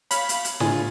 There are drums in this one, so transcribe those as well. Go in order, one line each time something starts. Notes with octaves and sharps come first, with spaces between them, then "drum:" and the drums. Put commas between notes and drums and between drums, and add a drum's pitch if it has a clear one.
C#5 F5 B5, drum: hi-hat
drum: hi-hat
drum: hi-hat
A2 D3 F4 G#5, drum: snare